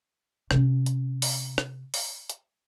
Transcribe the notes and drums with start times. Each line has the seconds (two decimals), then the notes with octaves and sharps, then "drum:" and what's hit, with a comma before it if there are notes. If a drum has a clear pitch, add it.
0.51 C3 C#4, drum: rim click
0.86 drum: hi-hat
1.22 drum: open hi-hat
1.58 drum: rim click
1.94 drum: open hi-hat
2.30 drum: hi-hat